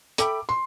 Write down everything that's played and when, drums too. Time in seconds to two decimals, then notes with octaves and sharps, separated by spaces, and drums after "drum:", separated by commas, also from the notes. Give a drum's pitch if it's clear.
0.18 A4 E5 G5 B5 D6, drum: hi-hat
0.49 C6